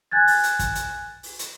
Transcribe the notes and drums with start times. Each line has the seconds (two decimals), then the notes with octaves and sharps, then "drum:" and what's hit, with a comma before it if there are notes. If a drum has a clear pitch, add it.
0.11 G#5 F#6 G#6 A6
0.27 drum: open hi-hat
0.43 drum: hi-hat
0.59 drum: kick, hi-hat
0.75 drum: hi-hat
1.23 drum: open hi-hat
1.39 drum: hi-hat